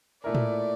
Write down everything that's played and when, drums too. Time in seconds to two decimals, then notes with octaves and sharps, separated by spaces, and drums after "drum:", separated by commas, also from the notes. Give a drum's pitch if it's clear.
0.24 A#2 A3 E4 A#4 D5
0.35 drum: tom A2